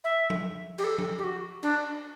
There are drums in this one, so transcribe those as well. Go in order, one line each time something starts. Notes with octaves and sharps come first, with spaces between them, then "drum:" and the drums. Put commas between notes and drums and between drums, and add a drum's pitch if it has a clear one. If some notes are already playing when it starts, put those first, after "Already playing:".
E5
drum: tom F3
G4, drum: cymbal
A4
drum: tom F3
G4
F#4
D4, drum: cymbal